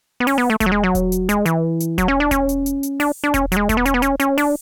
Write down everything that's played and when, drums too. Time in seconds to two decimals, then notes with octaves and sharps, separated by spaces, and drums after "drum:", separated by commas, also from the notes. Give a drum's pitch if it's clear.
0.20 B3
0.27 C#4, drum: open hi-hat
0.38 B3
0.50 A3
0.60 A3, drum: kick E1, hi-hat
0.66 F#3
0.72 G#3
0.83 F#3
0.95 drum: kick E1, hi-hat
1.12 drum: hi-hat
1.29 G#3, drum: hi-hat
1.46 E3, drum: hi-hat
1.80 drum: hi-hat
1.98 F#3, drum: kick E1, hi-hat
2.08 C#4
2.20 D4
2.31 C#4, drum: kick E1, hi-hat
2.49 drum: hi-hat
2.66 drum: hi-hat
2.83 drum: hi-hat
3.00 D4, drum: open hi-hat
3.24 D4
3.34 C#4, drum: kick E1, hi-hat
3.52 F#3, drum: hi-hat
3.57 G#3
3.69 A3, drum: kick E1, hi-hat
3.77 B3
3.86 C#4, drum: hi-hat
3.94 B3
4.02 C#4, drum: hi-hat
4.20 C#4, drum: hi-hat
4.38 D4, drum: open hi-hat